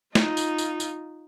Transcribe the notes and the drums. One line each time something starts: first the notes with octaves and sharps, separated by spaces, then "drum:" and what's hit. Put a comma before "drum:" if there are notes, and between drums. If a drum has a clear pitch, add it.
D#4 F4, drum: snare
drum: tambourine
drum: tambourine
drum: tambourine